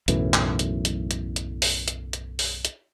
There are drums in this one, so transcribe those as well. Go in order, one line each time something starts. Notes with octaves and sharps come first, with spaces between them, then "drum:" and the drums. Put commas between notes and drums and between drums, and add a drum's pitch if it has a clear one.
B1 F#2 A2 E3, drum: hi-hat
drum: clap
drum: hi-hat
drum: hi-hat
drum: hi-hat
drum: hi-hat
drum: open hi-hat
drum: hi-hat
drum: hi-hat
drum: open hi-hat
drum: hi-hat